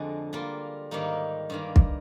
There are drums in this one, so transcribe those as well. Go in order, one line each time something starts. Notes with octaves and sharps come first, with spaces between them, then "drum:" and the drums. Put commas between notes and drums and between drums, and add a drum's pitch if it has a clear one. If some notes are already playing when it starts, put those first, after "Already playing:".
Already playing: F2 D3 G#3 D4 G#4
G3 A#3 F4
G#2 D#3 G3 A#3 D#4
G2 D#3 A#3
drum: kick